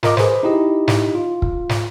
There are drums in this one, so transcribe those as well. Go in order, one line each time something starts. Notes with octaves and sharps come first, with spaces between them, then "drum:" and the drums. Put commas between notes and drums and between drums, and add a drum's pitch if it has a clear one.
F4 A#4 D#5 D6, drum: snare
G#4 B4 C5, drum: snare
D#4 E4 G4 D#5
drum: snare
F4
drum: kick
drum: snare